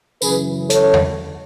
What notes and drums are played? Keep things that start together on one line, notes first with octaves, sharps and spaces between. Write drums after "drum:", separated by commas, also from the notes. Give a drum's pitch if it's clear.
F#2 C#3 E3 G#4 B4, drum: tambourine
A4 C#5, drum: hi-hat
drum: tom E2